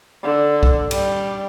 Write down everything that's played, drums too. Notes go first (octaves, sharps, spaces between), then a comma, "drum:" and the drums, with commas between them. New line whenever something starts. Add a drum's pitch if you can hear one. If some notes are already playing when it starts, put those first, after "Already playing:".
D3
drum: kick
G3, drum: cymbal